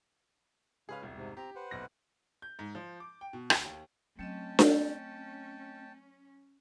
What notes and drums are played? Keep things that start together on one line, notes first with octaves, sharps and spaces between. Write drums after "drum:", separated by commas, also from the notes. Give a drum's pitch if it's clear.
C#3 G#3 C#4 G#4 B4 F5
E1 C2
G#2 C3
C4 G4 A#5
B4 C5 F#5
F#1 B1 A#6
G6
G#2
F3
D6
G5
B2
D2, drum: rim click
D#2
F#3 A3 C4 C#4 D#5 G5 A5
drum: snare D4